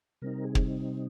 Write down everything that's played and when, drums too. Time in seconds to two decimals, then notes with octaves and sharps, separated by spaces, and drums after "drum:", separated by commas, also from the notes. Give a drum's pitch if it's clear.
0.22 C3 G3 C4 D#4 A#4
0.44 G#4
0.55 drum: kick